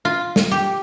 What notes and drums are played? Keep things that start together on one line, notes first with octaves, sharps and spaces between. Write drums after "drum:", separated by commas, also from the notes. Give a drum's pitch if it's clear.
F4
drum: snare
G4